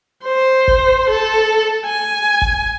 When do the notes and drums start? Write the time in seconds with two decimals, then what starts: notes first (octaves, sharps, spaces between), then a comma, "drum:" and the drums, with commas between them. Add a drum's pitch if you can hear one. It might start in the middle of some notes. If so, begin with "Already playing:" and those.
0.24 C5
0.68 drum: kick G1
1.09 A4
1.86 G#5
2.42 drum: kick G1